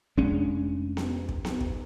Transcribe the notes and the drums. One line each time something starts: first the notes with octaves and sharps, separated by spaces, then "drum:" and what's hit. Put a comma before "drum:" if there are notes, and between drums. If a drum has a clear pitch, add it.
F1 G#3 C#4 D4
drum: snare B3
drum: kick
drum: snare B3
drum: kick